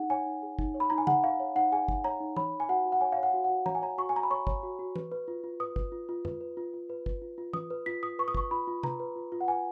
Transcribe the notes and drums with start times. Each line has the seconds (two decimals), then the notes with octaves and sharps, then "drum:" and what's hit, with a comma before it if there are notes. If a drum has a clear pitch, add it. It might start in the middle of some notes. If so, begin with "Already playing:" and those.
Already playing: D#4 G#4 F#5
0.10 C#5 G#5
0.26 D#4
0.43 G#4
0.59 D#4, drum: kick
0.74 C#5
0.80 B5
0.90 D#4 A#5
0.98 G#5
1.07 G#4 F#5, drum: tom
1.23 D#4 F5
1.40 C#5
1.56 D#4 F#5
1.72 G#4 G#5
1.88 D#4, drum: kick
2.04 C#5 A#5
2.20 D#4
2.36 C#5 B5, drum: tom
2.52 C#5
2.60 G#5
2.69 F#4 F#5
2.85 F#4
2.92 F#5
3.01 C#5 G#5
3.12 C#5 F5
3.23 F#5
3.34 F#4
3.44 F#4 F#5
3.66 C#5 A#5, drum: tom
3.75 G#5
3.82 C#5 A#5
3.98 F#4 C#6
4.09 G#5
4.15 F#4 A#5
4.23 B5
4.31 C#5 C#6
4.47 C#5, drum: kick
4.63 F#4
4.79 F#4
4.96 B4, drum: tom
5.12 B4
5.28 F4
5.44 F4
5.60 B4 D#6
5.76 B4, drum: kick
5.92 F4
6.09 F4
6.25 B4, drum: tom F2
6.41 B4
6.57 F4
6.74 F4
6.89 B4
7.06 B4, drum: kick
7.22 F4
7.38 F4
7.53 B4 D#6, drum: tom
7.70 B4
7.86 F4 B6
8.03 F4 D#6
8.19 B4 C#6
8.28 D#6
8.35 B4 C#6, drum: kick
8.51 F4 B5
8.67 F4
8.83 B4 A#5, drum: tom C3
9.00 B4
9.16 F4
9.32 F4
9.41 F#5
9.48 B4 G#5